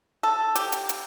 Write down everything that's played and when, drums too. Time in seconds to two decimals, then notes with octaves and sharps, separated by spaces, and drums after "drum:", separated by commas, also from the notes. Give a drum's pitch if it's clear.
0.23 A4
0.55 G4, drum: hi-hat
0.72 drum: hi-hat
0.89 drum: hi-hat